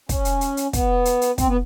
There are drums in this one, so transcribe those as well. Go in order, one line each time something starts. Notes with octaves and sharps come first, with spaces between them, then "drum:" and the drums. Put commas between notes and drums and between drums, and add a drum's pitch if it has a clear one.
C#4, drum: kick, hi-hat
drum: hi-hat
drum: hi-hat
drum: hi-hat
B3, drum: kick, hi-hat
drum: hi-hat
drum: hi-hat
C4, drum: kick, hi-hat
B3